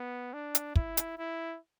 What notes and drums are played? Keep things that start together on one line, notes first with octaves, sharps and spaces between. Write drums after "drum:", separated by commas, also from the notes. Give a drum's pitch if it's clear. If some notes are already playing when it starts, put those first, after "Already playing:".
Already playing: B3
D4
drum: hi-hat
E4, drum: kick
drum: hi-hat
E4